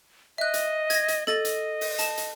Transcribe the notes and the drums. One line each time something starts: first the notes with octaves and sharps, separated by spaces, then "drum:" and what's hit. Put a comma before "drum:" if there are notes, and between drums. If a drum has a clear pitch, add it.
D#5 E5 F#6
drum: hi-hat
G#6 A#6, drum: hi-hat
drum: hi-hat
A4 D#5 A6, drum: snare
drum: hi-hat
drum: open hi-hat
A5 E7, drum: hi-hat
drum: hi-hat